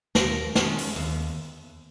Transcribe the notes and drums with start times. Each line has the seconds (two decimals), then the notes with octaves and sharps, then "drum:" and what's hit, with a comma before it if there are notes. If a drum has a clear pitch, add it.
0.15 D#2 A#4, drum: snare
0.55 D#3 G#3 C#4, drum: snare
0.78 drum: open hi-hat
0.96 D#2